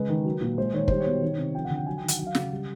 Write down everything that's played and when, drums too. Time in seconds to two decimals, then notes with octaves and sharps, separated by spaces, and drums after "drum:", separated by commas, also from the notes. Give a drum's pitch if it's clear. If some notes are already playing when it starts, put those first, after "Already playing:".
Already playing: C#3 G#3 B4
0.09 D#3
0.25 F#3
0.41 A#2
0.58 G#3 C5
0.74 D#3 C#5
0.88 G3 C5, drum: kick
1.00 C#5
1.05 B2
1.22 D#3
1.38 C3
1.55 F3 G5
1.65 F#5
1.70 D3
1.76 G5
1.86 F#3 G#5
1.97 G5
2.03 D#3
2.08 F#5, drum: hi-hat
2.19 F#3 F#5
2.27 F5
2.35 C#3 F#5, drum: snare
2.51 G3